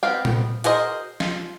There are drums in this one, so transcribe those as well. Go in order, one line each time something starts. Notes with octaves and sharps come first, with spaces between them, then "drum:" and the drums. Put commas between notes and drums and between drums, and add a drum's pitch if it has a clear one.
B3 C4 B4 F5 G5
drum: tom A#2
F#4 G#4 A#4 C5 D#5, drum: hi-hat
F4, drum: snare